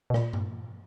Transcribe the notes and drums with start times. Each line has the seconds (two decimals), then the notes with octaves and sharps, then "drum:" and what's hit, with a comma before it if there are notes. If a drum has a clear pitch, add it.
0.10 B2
0.14 A#2, drum: rim click
0.33 drum: tom G2